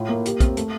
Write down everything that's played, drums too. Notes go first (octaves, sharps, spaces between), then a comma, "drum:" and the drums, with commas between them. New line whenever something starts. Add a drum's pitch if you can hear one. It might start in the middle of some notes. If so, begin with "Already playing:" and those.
Already playing: A2 F4
A#3
G4, drum: hi-hat
C4, drum: kick, hi-hat
A3, drum: hi-hat